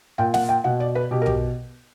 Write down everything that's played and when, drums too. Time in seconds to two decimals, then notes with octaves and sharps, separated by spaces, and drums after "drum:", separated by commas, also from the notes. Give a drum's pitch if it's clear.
0.18 A#2 G5
0.34 F#5, drum: snare
0.49 G5
0.64 B2 F#5
0.80 D5
0.95 B4
1.11 B2 G4
1.22 A#4
1.26 G4, drum: tom B1